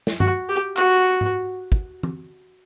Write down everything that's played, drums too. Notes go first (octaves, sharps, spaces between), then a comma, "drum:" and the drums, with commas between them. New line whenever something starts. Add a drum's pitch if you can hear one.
drum: snare
F#4, drum: tom G2
G4
F#4, drum: clap
drum: tom G#2
drum: kick
drum: tom E3